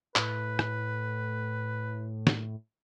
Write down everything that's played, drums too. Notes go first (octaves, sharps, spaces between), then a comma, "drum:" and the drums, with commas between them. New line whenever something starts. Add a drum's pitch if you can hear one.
A2 B4, drum: clap
drum: rim click
drum: snare